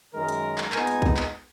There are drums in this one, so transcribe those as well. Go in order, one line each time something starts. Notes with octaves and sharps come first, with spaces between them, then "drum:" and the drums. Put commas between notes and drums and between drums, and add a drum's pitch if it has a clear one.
F#2 D#3 G#3 A#4
drum: hi-hat
drum: clap
A#2 G#3 B3 D#4 G#5, drum: clap
drum: hi-hat
drum: kick
drum: clap